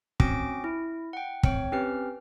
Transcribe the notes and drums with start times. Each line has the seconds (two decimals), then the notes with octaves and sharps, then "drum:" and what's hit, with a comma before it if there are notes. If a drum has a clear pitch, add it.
0.20 C4 C#4 F#4 D6 A#6 D7, drum: kick
0.64 E4
1.13 F#5 G5
1.43 C4 C#5 G5, drum: kick
1.72 C4 C#4 G4 B4 F6